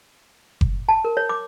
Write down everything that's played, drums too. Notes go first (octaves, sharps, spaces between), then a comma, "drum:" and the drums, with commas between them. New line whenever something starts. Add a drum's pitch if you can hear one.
drum: kick F#1
A5
A#4
C#5
D6